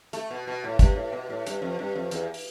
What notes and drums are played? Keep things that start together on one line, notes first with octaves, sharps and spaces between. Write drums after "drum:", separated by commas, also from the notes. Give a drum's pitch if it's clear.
A3, drum: hi-hat
B2
B2
A2
G2, drum: kick, hi-hat
A2
B2
A2
G2, drum: hi-hat
F2
G2
F2
E2, drum: hi-hat
drum: open hi-hat